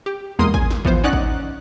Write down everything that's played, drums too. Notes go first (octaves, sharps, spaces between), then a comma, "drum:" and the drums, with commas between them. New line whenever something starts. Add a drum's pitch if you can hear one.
G4
B1 E2 G#3 A#3 C6 D#6
G#5, drum: kick G#1
drum: snare
E3 F3 B3 F4 C5, drum: kick G#1
C#4 D#4 D5 F#5 F#6
drum: kick G#1